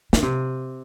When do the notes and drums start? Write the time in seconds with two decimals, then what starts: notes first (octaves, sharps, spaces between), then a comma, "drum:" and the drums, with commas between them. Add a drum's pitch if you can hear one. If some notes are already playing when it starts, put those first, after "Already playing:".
0.13 D3, drum: snare
0.22 C3